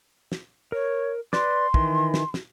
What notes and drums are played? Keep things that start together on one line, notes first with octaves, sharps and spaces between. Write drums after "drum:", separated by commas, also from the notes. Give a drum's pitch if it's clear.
drum: snare
A#4 C#5
B4 D5 C6 D6, drum: snare
D#3 E3, drum: kick
drum: snare
drum: snare